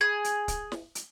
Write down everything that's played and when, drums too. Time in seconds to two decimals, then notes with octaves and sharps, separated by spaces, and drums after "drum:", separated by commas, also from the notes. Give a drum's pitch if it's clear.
0.01 G#4
0.24 drum: hi-hat
0.48 drum: kick, hi-hat
0.72 drum: snare
0.95 drum: hi-hat